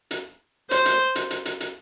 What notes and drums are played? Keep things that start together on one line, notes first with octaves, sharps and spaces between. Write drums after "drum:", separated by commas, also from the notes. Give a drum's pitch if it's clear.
drum: hi-hat
C5, drum: hi-hat
drum: hi-hat
drum: hi-hat
drum: hi-hat
drum: hi-hat
drum: hi-hat